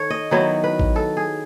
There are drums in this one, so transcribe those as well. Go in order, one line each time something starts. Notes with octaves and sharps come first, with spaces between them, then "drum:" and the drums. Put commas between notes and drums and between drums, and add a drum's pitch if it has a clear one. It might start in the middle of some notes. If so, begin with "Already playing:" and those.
Already playing: D#3 A4 C#5
D#5
D#3 F#3 B3 E4 D#5
B4
drum: kick A1
A4
G#4